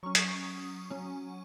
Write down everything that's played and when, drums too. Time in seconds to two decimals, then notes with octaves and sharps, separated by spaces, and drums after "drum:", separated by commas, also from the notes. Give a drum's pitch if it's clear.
0.03 F#3 C#4 C#6
0.15 D#6, drum: hi-hat
0.28 C#6
0.91 F#3 C#4